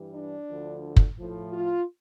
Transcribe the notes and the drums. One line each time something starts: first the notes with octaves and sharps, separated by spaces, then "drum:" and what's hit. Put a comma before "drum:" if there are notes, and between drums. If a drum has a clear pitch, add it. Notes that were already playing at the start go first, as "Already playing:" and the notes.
Already playing: G2 E3 G3
D4
D2 D3 F3
drum: kick
A2 F3
F4